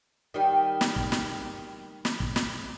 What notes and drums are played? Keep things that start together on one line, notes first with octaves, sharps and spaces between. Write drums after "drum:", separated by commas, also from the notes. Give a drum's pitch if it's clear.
D#3 G3
drum: snare
drum: kick
drum: snare
drum: snare
drum: kick
drum: snare